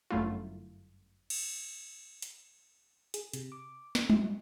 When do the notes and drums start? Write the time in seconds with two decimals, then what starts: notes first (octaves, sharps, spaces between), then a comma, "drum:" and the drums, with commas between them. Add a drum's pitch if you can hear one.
0.11 G1 F#2 F#3 A3 E4 F4
1.30 drum: cymbal
2.22 drum: hi-hat
3.14 G#4, drum: hi-hat
3.33 C3, drum: hi-hat
3.52 D6
3.95 drum: snare
4.10 F#3, drum: tom G3